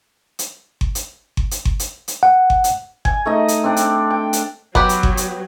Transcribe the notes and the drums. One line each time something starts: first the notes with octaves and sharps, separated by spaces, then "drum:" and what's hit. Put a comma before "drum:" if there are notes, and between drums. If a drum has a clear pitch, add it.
drum: hi-hat
drum: kick G1
drum: hi-hat
drum: kick G1
drum: hi-hat
drum: kick G1
drum: hi-hat
drum: hi-hat
F#5
drum: kick G1
drum: hi-hat
G#5, drum: kick G1
A3 D#4 D#5
drum: hi-hat
C4 D4 G5
drum: hi-hat
G5
drum: hi-hat
F#3 B3 G4 B4, drum: kick G1
drum: hi-hat
drum: kick G1
drum: hi-hat